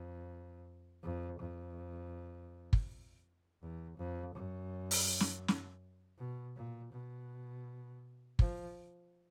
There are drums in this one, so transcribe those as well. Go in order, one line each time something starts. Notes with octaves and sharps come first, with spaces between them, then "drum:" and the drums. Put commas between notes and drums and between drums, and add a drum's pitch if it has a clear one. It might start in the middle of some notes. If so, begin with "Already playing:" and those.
Already playing: F2
F2
F2
drum: kick
E2
F2
F#2
drum: open hi-hat
drum: snare
drum: snare
B2
A#2
B2
F3, drum: kick